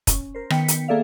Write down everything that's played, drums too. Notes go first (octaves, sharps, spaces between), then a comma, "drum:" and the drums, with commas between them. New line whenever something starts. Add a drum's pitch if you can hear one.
C#4, drum: kick, hi-hat
A#4 C5
D#3 B3 G5 B6 C#7, drum: rim click
drum: hi-hat
A#3 G#4 A4 D5 E5 F5